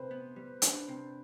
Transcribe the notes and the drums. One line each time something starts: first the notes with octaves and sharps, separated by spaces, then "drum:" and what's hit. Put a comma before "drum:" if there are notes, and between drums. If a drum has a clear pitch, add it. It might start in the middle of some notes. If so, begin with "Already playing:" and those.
Already playing: C3 B4 C5
B3
G3
D4, drum: hi-hat
C3